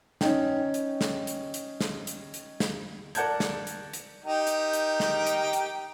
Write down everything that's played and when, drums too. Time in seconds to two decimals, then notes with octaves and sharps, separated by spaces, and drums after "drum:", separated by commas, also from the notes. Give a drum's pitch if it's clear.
0.21 C#4 D#4 G5, drum: snare
0.74 drum: hi-hat
1.01 drum: snare
1.27 drum: hi-hat
1.54 drum: hi-hat
1.81 drum: snare
2.07 drum: hi-hat
2.34 drum: hi-hat
2.60 drum: snare
3.15 A#4 D5 F#5 A5 G6 G#6, drum: hi-hat
3.40 drum: snare
3.67 drum: hi-hat
3.93 drum: hi-hat
4.24 D#4 G4 A#4
4.47 drum: hi-hat
4.73 drum: hi-hat
5.00 drum: snare
5.27 drum: hi-hat
5.53 drum: hi-hat